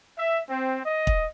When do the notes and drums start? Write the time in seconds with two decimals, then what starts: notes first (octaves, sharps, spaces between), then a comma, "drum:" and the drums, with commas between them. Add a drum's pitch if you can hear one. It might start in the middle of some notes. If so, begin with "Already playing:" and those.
0.17 E5
0.48 C4
0.84 D#5
1.07 drum: kick